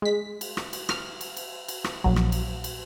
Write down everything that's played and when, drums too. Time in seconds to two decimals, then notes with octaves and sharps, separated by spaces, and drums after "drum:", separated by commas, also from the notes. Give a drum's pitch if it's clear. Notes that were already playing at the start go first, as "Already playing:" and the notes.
0.02 G#3 B6
0.41 drum: cymbal
0.57 drum: rim click
0.73 drum: cymbal
0.89 F6, drum: rim click
1.21 drum: cymbal
1.37 drum: cymbal
1.68 drum: cymbal
1.84 drum: rim click
2.04 A#1 F#3
2.16 drum: rim click
2.32 drum: cymbal
2.64 drum: cymbal